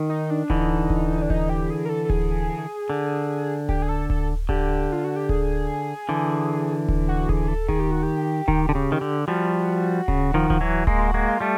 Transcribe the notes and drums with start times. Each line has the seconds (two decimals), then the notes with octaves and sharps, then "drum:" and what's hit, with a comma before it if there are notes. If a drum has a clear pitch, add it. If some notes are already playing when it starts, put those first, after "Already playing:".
Already playing: D#3
0.09 D#4
0.30 D4
0.50 D3 E3 D#4, drum: kick D1
0.90 drum: kick D1
1.22 D4
1.30 D#4, drum: kick D1
1.49 G4
1.70 G#4
1.85 A#4
1.89 A4
2.05 A4
2.10 G#4, drum: kick D1
2.90 D3
3.69 G4, drum: kick D1
3.82 G#4
3.89 A4
4.10 A4, drum: kick D1
4.49 D3 G4, drum: kick D1
4.92 F4
5.04 F#4
5.16 G4
5.29 G#4, drum: kick D1
6.09 D3 E3
6.89 drum: kick D1
7.08 F#4
7.29 G#4, drum: kick D1
7.48 A4
7.68 D#3 G#4, drum: kick D1
7.80 G4
7.91 F#4
8.03 G4
8.48 D#3, drum: kick D1
8.69 D3
8.75 C#3
8.92 D#3
9.01 D3
9.28 F3 G3 F#4
10.08 C#3, drum: kick D1
10.34 D#3 F3
10.50 F3, drum: kick D1
10.61 E3 F#3
10.87 G#3 A#3, drum: kick D1
10.98 F4
11.08 F#4
11.14 G#3 A#3
11.28 F4
11.40 G3 A3